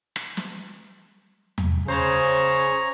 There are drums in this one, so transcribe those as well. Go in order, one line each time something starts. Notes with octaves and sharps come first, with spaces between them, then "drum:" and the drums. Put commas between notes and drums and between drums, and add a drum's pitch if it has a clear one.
drum: rim click
drum: snare
drum: tom E2
C#3 G#4 C5 C#5 A#5